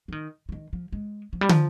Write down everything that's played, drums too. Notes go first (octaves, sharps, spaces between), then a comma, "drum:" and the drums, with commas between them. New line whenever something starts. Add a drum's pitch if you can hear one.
F3
D#3
F3
D#3
F3
G#3
F3
G3
F3, drum: tom